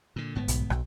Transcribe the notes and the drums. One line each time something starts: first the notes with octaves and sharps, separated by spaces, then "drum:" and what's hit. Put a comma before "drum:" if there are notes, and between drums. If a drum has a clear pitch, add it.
A#2 D3
G1 G#2 B3
B1, drum: hi-hat
B1, drum: rim click